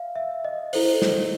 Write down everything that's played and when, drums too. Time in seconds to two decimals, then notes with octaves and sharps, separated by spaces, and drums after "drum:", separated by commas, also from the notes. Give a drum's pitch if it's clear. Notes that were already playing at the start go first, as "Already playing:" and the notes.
Already playing: E5 F5
0.16 E5
0.45 D#5
0.73 E4 A4 C5, drum: open hi-hat
1.02 drum: snare